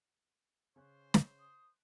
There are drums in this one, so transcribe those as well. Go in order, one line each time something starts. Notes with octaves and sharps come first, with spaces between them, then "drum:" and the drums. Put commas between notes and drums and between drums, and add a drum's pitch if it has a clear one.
C#3 C#4 C5 F#6
drum: snare
D#6